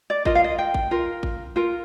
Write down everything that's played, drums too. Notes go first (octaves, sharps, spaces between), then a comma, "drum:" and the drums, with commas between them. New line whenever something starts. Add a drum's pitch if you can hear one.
D5
F4 A#4 D#5, drum: kick G#1
F5
D#5
G5
drum: kick G#1
F4 A#4
drum: kick G#1
F4 A#4